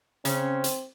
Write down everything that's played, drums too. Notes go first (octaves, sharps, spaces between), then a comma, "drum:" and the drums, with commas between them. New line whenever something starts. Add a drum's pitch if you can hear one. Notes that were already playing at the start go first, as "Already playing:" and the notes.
C#3 C4 C#4, drum: hi-hat
drum: hi-hat